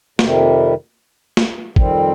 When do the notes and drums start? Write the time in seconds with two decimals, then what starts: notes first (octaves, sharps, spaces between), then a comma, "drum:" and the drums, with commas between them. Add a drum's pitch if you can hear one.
0.19 F2 C3 D#3 G3, drum: snare
1.37 drum: snare
1.76 F2 D#3 G3 C4, drum: kick